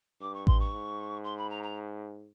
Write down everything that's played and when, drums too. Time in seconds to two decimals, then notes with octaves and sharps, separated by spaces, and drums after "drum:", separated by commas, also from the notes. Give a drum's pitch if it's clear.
0.21 G2 D6
0.34 C#6
0.47 C6, drum: kick A1
0.59 C#6
0.73 G#2
1.24 C6
1.37 B5
1.50 A#5
1.63 A#5